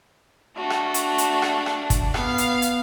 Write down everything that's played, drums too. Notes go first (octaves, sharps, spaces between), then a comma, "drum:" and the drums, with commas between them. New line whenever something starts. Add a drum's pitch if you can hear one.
A3 D4 F#4
drum: rim click
drum: hi-hat
drum: hi-hat
drum: rim click
drum: rim click
drum: kick, hi-hat
B3 F5, drum: rim click
drum: hi-hat
drum: hi-hat